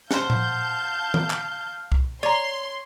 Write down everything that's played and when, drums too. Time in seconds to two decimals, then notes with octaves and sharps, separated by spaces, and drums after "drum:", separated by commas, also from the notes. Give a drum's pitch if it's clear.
0.11 C5 F5 F#5 A5 G6, drum: snare
0.30 drum: tom A2
1.14 drum: tom D#3
1.30 drum: clap
1.92 drum: kick C2
2.23 C#5 D5 A#5 C6